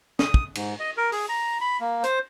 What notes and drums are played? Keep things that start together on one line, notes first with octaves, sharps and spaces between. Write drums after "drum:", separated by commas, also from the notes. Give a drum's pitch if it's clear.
D#6, drum: snare
drum: kick
G#2, drum: cymbal
D#5
A#4
G#4, drum: open hi-hat
A#5
B5
A#3
C5, drum: hi-hat